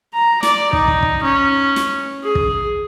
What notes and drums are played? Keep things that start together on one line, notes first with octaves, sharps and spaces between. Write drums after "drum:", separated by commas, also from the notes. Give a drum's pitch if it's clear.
A#5
D5, drum: snare
D#4, drum: kick
drum: kick
drum: kick
C#4
drum: snare
G#4
drum: kick